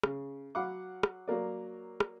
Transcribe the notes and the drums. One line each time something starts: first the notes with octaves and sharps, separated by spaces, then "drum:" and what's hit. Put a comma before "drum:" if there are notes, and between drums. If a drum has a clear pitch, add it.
C#3, drum: rim click
F#3 F5 F#5 B5 D6
drum: rim click
F#3 A#3 A#4 D5
drum: rim click